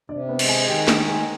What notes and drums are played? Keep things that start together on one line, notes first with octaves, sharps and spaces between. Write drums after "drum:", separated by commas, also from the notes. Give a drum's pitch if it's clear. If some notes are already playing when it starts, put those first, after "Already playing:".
C3 D4 D5
B3 B4
G#3, drum: cymbal
G#4 G#5
D#3 G4 G5
D#4 D#5, drum: snare
G#3